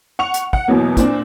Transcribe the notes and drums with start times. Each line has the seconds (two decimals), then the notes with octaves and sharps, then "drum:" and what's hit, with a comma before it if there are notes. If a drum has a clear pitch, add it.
0.19 F#5 C#6 F7
0.34 drum: hi-hat
0.53 F#5, drum: kick
0.68 E2 B2 F#3 A#3
0.97 A#2 C4 D4, drum: kick, hi-hat